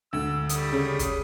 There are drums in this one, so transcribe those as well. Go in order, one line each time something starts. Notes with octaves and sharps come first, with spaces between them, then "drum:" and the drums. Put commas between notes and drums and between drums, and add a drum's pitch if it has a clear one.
D2 E6
G3 A3 D#6, drum: hi-hat
C#3
drum: kick, hi-hat